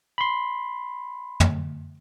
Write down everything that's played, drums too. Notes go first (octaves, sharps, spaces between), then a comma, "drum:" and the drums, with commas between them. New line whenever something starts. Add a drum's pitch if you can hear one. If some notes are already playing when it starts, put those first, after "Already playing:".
B5 C6
drum: tom